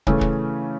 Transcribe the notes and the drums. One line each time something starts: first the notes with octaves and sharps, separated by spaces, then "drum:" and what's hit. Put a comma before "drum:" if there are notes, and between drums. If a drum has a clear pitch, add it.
C#3 E3 A3 C#4, drum: kick
drum: kick